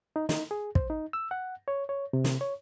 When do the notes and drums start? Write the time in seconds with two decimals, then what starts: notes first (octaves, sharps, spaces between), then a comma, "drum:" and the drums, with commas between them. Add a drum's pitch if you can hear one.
0.16 D#4
0.29 D#4, drum: snare
0.51 G#4
0.75 C5, drum: kick
0.90 D#4
1.13 E6
1.31 F#5
1.68 C#5
1.89 C#5
2.13 C3
2.24 drum: snare
2.41 C#5